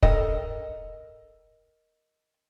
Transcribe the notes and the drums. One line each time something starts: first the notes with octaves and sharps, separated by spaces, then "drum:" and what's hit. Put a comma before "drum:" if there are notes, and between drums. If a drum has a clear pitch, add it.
A4 A#4 D#5, drum: kick